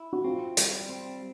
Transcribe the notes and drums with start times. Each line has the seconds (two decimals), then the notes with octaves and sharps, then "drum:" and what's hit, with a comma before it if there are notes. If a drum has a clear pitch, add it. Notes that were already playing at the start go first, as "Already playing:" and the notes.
Already playing: E4
0.13 F#4
0.24 C4 F4
0.57 G3, drum: hi-hat
0.89 C4